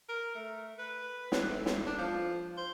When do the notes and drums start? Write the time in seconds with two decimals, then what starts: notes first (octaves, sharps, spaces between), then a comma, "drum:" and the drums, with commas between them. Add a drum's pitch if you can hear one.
0.09 A#4
0.35 A3
0.79 B4
1.32 drum: snare
1.50 A2
1.66 drum: snare
1.86 D4
1.98 F3
2.57 C5